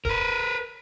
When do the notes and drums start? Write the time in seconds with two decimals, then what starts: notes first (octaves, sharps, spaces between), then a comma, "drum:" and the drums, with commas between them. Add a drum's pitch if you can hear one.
0.05 A#4 B4, drum: kick